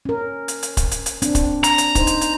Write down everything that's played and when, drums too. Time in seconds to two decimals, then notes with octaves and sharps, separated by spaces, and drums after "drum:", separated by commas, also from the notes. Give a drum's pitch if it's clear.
0.05 C#4 A#4
0.48 drum: hi-hat
0.63 drum: hi-hat
0.77 drum: kick, hi-hat
0.91 drum: hi-hat
1.06 drum: hi-hat
1.22 C4 D4, drum: hi-hat
1.35 drum: kick, hi-hat
1.64 A#5, drum: hi-hat
1.78 drum: hi-hat
1.95 D#4 C5, drum: kick, hi-hat
2.07 drum: hi-hat
2.21 drum: hi-hat